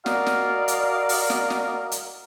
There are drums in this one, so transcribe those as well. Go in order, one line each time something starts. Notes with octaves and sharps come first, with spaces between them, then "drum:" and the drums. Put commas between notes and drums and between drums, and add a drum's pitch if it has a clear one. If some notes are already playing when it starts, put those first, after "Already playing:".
F#4 A#4 D5 D#5 F5, drum: snare
drum: snare
drum: hi-hat
drum: open hi-hat
drum: snare
drum: snare
drum: hi-hat